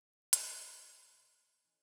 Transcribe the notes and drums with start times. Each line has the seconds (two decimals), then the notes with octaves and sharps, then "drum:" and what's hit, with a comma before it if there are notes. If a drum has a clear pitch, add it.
0.33 drum: hi-hat
1.04 B2 A#3 A#5 A6
1.30 A4 A#5
1.64 E3 C#4 D#5 A#5 F#6